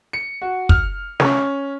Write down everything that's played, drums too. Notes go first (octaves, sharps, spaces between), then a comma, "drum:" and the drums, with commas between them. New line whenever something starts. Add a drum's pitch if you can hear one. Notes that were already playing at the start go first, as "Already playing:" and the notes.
C#7
F#4
F6, drum: kick
C#4, drum: snare